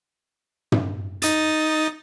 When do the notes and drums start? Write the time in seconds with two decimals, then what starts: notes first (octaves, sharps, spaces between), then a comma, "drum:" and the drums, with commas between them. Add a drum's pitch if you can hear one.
0.72 drum: tom
1.22 D#4 D#6 A6, drum: hi-hat